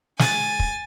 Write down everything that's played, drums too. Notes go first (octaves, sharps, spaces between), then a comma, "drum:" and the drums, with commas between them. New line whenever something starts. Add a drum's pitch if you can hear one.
G#5 A6, drum: snare
drum: kick